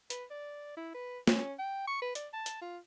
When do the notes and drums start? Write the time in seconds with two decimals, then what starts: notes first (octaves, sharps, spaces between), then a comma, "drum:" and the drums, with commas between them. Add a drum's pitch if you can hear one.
0.10 B4, drum: hi-hat
0.31 D5
0.77 E4
0.94 B4
1.27 C#4, drum: snare
1.59 G5
1.87 C#6
2.02 B4
2.15 D5, drum: hi-hat
2.33 A5
2.46 drum: hi-hat
2.61 F4